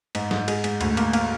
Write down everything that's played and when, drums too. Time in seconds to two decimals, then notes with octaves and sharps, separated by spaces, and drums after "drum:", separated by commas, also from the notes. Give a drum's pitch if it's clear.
0.15 G#2, drum: cymbal
0.31 G#2, drum: snare
0.48 G#3, drum: cymbal
0.64 G#2, drum: cymbal
0.81 D2, drum: cymbal
0.97 A#3, drum: cymbal
1.13 A#3, drum: cymbal